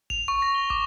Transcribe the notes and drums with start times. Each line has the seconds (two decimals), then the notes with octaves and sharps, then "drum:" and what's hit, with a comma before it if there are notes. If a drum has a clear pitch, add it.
0.10 F7, drum: kick
0.28 C#6
0.42 A#6
0.55 G7
0.70 D6, drum: kick